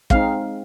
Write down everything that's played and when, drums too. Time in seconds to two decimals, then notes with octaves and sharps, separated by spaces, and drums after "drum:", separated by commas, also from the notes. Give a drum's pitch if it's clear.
0.10 G#3 C4 D#4 F5, drum: kick